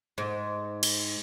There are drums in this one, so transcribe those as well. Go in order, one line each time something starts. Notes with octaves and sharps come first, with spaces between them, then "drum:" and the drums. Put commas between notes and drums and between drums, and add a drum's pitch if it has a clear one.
G#2
drum: cymbal